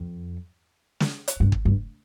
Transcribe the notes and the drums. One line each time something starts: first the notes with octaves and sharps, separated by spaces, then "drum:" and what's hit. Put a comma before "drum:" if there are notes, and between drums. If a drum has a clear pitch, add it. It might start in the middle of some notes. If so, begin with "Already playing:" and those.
Already playing: F2
drum: snare
drum: hi-hat
G2
drum: kick
G2